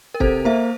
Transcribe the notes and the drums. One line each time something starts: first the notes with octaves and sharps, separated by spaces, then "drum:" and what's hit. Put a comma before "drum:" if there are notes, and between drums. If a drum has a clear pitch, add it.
A#4
C3 A4 C5, drum: kick
A#3 C5 E5